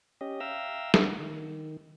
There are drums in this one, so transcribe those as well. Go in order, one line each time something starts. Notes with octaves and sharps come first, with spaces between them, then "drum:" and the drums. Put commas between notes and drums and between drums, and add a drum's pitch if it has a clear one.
C#4 G4 D#5
E5 F5 G5 A#5 E6
F#5, drum: snare
D#3